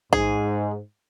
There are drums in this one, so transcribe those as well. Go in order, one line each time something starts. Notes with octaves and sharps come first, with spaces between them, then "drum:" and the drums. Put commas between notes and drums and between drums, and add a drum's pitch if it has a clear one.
G#2 G#4, drum: kick